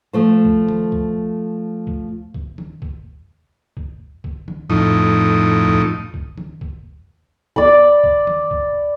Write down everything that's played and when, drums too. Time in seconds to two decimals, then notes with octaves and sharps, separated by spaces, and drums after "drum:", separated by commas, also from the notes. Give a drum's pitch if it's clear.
0.13 F3 A3 C5
0.45 drum: kick C#2
0.68 drum: tom
0.92 drum: kick C#2
1.87 drum: kick C#2
2.34 drum: kick C#2
2.58 drum: tom
2.82 drum: kick C#2
3.77 drum: kick C#2
4.24 drum: kick C#2
4.48 drum: tom
4.70 F2 A2 D#4, drum: kick C#2
5.66 drum: kick C#2
6.14 drum: kick C#2
6.38 drum: tom
6.61 drum: kick C#2
7.56 D5 B5, drum: kick C#2
8.04 drum: kick C#2
8.27 drum: tom
8.51 drum: kick C#2